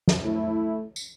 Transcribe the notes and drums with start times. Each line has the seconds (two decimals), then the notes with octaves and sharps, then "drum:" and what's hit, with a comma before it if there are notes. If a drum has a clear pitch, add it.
0.08 drum: snare
0.24 A3 E4
0.96 drum: tambourine